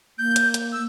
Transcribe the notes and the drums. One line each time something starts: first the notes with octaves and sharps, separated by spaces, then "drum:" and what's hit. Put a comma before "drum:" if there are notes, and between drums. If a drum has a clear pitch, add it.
A#3 G6
drum: hi-hat
drum: hi-hat
E6